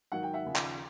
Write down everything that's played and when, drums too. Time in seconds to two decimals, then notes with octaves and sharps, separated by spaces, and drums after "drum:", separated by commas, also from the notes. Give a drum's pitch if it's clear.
0.12 G#2 D#3 F#3 F#5
0.23 G5
0.33 E5 F#5
0.45 D#2 C#3 F3
0.56 drum: clap